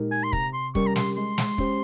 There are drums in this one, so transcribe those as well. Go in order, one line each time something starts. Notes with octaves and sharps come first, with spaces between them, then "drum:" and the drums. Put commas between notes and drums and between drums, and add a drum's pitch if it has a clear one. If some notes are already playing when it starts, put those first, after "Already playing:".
Already playing: A#2 G#3 D#4 G4 A#4
G#5
C6
C3 A#5, drum: kick
C6
G3 C#4 G4 A#4 C#6, drum: kick
A#5
C6, drum: snare
G#3 C6
drum: snare
C#4 G4 C5, drum: kick